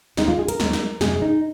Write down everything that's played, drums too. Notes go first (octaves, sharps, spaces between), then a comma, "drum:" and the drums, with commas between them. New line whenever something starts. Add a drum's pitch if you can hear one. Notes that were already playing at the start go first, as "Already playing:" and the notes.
D#2 D#3 G#3 D#4, drum: snare
F4
G#4
A#4, drum: hi-hat
D#2 D#3 G#3, drum: snare
drum: snare
F2 C3 G#3 G#4, drum: snare
D#4